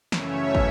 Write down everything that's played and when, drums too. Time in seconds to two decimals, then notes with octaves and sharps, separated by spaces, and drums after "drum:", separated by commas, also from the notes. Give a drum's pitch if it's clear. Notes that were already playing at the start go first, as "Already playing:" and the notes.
0.12 F#2 C#3 E3 A3 C#4 C#5 E5, drum: snare
0.55 drum: kick